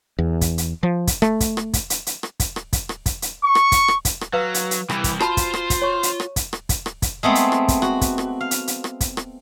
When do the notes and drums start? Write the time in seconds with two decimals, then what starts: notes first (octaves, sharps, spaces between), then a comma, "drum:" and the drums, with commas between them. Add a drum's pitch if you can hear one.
0.19 E2
0.41 drum: kick, hi-hat
0.58 drum: hi-hat
0.83 F3
1.07 drum: kick, hi-hat
1.22 A3, drum: rim click
1.40 drum: kick, hi-hat
1.57 drum: rim click
1.73 drum: kick, hi-hat
1.90 drum: hi-hat
2.07 drum: hi-hat
2.23 drum: rim click
2.40 drum: kick, hi-hat
2.56 drum: rim click
2.73 drum: kick, hi-hat
2.89 drum: rim click
3.06 drum: kick, hi-hat
3.22 drum: hi-hat
3.44 C#6
3.55 drum: rim click
3.72 drum: kick, hi-hat
3.88 drum: rim click
4.05 drum: kick, hi-hat
4.21 drum: rim click
4.33 F#3 B4 F5
4.54 drum: hi-hat
4.71 drum: hi-hat
4.90 C2 E3 G3, drum: rim click
5.04 drum: kick, hi-hat
5.20 F4 F#4 C5 A5 B5, drum: rim click
5.37 drum: kick, hi-hat
5.54 drum: rim click
5.70 drum: kick, hi-hat
5.82 C#5 C#6
6.03 drum: hi-hat
6.20 drum: rim click
6.36 drum: kick, hi-hat
6.53 drum: rim click
6.69 drum: kick, hi-hat
6.86 drum: rim click
7.02 drum: kick, hi-hat
7.23 G#3 A3 B3 C4
7.35 drum: hi-hat
7.52 drum: rim click
7.68 drum: kick, hi-hat
7.82 F#4, drum: rim click
8.01 drum: kick, hi-hat
8.18 drum: rim click
8.41 F5
8.51 drum: hi-hat
8.67 drum: hi-hat
8.84 drum: rim click
9.01 drum: kick, hi-hat
9.17 drum: rim click